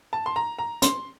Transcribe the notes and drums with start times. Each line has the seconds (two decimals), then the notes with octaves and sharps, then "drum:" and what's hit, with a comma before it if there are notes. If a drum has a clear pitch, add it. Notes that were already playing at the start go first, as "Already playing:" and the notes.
0.13 A5
0.26 C6
0.36 A#5
0.59 A#5
0.82 C6, drum: hi-hat